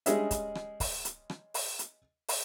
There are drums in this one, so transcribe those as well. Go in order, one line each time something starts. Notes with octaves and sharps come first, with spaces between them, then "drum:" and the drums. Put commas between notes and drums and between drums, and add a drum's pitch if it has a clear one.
G3 G#3 C#4 G#4 D#5 E5, drum: hi-hat
drum: kick, hi-hat
drum: rim click
drum: kick, open hi-hat
drum: hi-hat
drum: rim click
drum: open hi-hat
drum: hi-hat
drum: open hi-hat